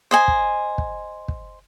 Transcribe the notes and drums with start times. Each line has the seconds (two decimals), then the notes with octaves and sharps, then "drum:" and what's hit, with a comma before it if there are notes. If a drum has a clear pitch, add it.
0.11 C5 D#5 G#5
0.28 drum: kick
0.78 drum: kick
1.28 drum: kick